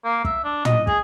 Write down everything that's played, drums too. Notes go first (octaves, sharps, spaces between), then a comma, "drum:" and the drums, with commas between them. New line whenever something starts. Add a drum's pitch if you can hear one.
A#3
E5, drum: kick
D4
D#5, drum: tom
G#4, drum: kick